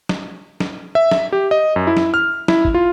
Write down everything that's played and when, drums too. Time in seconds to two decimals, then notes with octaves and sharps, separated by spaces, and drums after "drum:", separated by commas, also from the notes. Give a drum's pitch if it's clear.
0.09 drum: snare
0.60 drum: snare
0.95 E5
1.11 drum: snare
1.33 G4
1.51 D#5
1.76 F#2
1.87 E4
1.97 drum: snare
2.14 F6
2.48 E4, drum: snare
2.65 drum: kick
2.74 F4